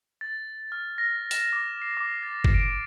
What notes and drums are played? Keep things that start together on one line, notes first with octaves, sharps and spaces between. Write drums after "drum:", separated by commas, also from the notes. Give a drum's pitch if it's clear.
A6
F6
A#6
E7, drum: open hi-hat
D6
C7
D6
A6
drum: kick G1
D7